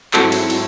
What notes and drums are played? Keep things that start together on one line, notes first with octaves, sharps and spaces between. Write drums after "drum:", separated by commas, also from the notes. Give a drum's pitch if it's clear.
G#2 F#3 C4 E4 F#4 A4, drum: clap
drum: cymbal
drum: cymbal